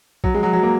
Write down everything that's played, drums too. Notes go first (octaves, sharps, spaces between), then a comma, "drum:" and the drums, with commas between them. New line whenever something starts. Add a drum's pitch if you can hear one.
F#3, drum: kick A#1
G#3
F#3
F#3
A#3